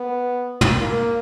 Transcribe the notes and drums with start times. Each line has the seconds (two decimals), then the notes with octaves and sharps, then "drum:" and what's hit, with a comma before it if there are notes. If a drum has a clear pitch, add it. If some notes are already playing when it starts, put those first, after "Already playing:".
Already playing: B3
0.61 drum: tom
0.81 A#3